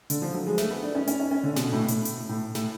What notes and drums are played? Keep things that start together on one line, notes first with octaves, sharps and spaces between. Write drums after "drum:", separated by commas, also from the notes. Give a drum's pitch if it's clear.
D3, drum: hi-hat
F3
F#3
G#3
A3, drum: snare
B3
D4
C#4
C#4, drum: hi-hat
C#4
C#4
D3
B2, drum: snare
A2
A2, drum: hi-hat
drum: hi-hat
A2
A2, drum: snare